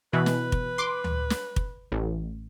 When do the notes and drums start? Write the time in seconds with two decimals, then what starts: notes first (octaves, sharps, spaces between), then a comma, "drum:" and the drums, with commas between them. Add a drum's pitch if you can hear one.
0.13 B2 E3 B4
0.26 drum: snare
0.52 drum: kick
0.78 C6 D6
1.04 drum: tom D2
1.30 drum: snare
1.56 drum: kick
1.92 A1